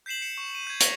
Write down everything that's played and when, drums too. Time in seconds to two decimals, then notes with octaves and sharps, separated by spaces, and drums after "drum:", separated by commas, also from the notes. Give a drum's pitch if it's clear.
0.06 G6 B6 C7 E7 F#7
0.22 C#7 E7
0.38 C#6
0.55 D#7
0.67 G6 G#6
0.80 C#6 G#6 A#6 B6 C#7 F7, drum: hi-hat